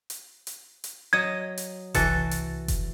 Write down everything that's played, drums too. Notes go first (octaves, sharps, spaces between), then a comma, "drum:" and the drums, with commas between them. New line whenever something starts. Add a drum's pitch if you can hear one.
drum: hi-hat
drum: hi-hat
drum: hi-hat
F#3 D#5 G#6
drum: hi-hat
C2 E3 F#4 A4 A6, drum: kick F1, hi-hat
drum: hi-hat
drum: kick F1, hi-hat